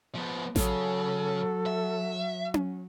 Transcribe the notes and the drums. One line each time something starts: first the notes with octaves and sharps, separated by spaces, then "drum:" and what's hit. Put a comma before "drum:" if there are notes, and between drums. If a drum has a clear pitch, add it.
F3 B3
C#3 F#3 A4, drum: snare A1
E5
drum: tom C#4